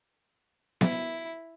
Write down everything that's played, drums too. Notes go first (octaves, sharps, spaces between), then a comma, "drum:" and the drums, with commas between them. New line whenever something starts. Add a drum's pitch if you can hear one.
E4, drum: snare B3